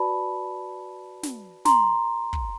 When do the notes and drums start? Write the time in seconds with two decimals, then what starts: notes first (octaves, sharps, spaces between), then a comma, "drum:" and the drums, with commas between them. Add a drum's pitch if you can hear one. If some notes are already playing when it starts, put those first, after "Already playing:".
Already playing: F#4 B4 D5 A5 B5
1.23 drum: snare
1.65 A#5 C6, drum: snare
2.33 drum: kick